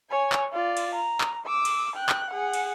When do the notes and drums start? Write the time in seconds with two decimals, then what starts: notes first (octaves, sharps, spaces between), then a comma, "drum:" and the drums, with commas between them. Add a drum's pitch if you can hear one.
0.10 C#5 G#5
0.32 drum: clap
0.52 F4 D5
0.77 drum: cymbal
0.95 A#5
1.21 drum: clap
1.46 D6 E6
1.65 drum: cymbal
1.96 G5 F#6
2.09 drum: clap
2.31 G#4 F#5
2.54 drum: cymbal